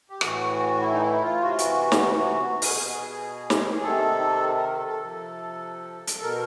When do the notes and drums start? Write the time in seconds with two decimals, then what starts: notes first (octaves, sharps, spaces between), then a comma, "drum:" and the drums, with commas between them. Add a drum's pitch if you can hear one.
0.10 G4
0.21 A2 E3 F#4, drum: rim click
0.81 E4
0.93 D#4
1.01 E4
1.22 F4
1.42 C3 E3 F#4
1.50 F4
1.59 F#4, drum: hi-hat
1.92 drum: snare
2.62 B2 G#4, drum: open hi-hat
3.50 drum: snare
3.82 C3 D#3 A4
4.57 A#4
4.72 A4
4.87 A4
5.02 C3 F3
6.07 drum: hi-hat
6.22 B2 A#4